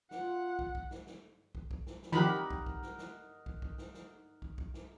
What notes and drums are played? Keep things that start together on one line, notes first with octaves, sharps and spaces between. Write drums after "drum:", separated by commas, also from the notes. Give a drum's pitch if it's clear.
F4 F#5, drum: snare
drum: kick
drum: kick
drum: snare
drum: snare
drum: kick
drum: kick
drum: snare
drum: snare
D#3 F3 D#4 G4 A#4 F#5 B5
drum: kick
drum: kick
drum: snare
drum: snare
drum: kick
drum: kick
drum: snare
drum: snare
drum: kick
drum: kick
drum: snare